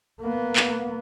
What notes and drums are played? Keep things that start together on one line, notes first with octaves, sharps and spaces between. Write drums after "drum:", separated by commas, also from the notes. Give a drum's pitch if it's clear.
A#3 B3
drum: clap